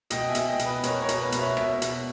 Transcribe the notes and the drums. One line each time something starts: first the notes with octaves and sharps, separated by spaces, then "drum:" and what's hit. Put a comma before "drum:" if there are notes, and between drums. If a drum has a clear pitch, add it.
B2 D#5 G5, drum: hi-hat
E5 G#5
B2, drum: hi-hat
D#5 G5
B2, drum: hi-hat
B4 D#5
B2 A#4 C#5, drum: hi-hat
A#4 C#5
B2, drum: hi-hat
B4
B2, drum: hi-hat
C#5 E5
B2 C#5 E5, drum: rim click
B2, drum: hi-hat